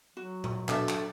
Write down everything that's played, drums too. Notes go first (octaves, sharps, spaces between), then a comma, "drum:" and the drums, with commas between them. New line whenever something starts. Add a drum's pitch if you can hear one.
F#3 F#4
drum: tom A#2
B2 D4 A4 E5, drum: clap
drum: clap